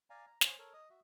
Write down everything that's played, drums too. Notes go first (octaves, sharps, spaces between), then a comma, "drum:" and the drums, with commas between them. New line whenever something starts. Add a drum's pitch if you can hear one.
D5 F5 G#5 A#5
A#5
C5 C#5 G#5, drum: snare
A4 A#4 C#5
D#5 D#6
F#4 E5